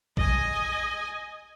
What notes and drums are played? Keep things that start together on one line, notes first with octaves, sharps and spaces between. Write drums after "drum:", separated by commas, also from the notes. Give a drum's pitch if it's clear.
D#5 G#5, drum: kick